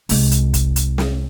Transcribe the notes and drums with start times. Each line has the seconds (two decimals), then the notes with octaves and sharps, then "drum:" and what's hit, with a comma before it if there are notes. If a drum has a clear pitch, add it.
0.09 C2 G#3, drum: open hi-hat
0.31 drum: hi-hat
0.54 drum: kick, hi-hat
0.76 drum: hi-hat
0.98 drum: snare